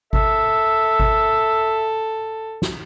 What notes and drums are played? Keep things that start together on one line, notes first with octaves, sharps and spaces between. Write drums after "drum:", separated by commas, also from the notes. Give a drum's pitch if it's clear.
A4 E5, drum: kick G#1
drum: kick G#1
drum: snare